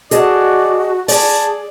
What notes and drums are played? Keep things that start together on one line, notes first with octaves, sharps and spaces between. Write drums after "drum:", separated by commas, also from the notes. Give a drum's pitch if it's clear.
F#4 G#4 D5 D#5 A5, drum: hi-hat
G#4 D5 A5, drum: open hi-hat